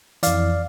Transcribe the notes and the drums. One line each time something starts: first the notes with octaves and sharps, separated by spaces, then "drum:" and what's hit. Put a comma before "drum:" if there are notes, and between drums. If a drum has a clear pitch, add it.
F2 E3 D5 F5, drum: hi-hat